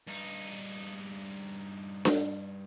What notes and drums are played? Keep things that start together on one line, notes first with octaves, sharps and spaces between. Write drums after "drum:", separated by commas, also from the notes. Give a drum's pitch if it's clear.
G2 D#4
drum: snare D4